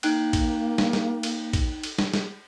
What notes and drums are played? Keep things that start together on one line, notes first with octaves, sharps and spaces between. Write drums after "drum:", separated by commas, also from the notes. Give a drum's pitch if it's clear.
A#3 D#4 G5 F#6, drum: cymbal
drum: kick, cymbal
drum: snare
drum: snare
drum: cymbal
drum: kick, cymbal
drum: cymbal
drum: snare
drum: snare